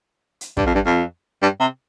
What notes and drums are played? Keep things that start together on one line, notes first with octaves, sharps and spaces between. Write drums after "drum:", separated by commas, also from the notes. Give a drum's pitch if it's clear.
drum: hi-hat
G2, drum: kick
F2
G2
F2
G2
C3